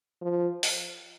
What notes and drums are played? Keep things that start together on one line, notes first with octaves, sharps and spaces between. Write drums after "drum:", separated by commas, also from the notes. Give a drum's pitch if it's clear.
F3
drum: open hi-hat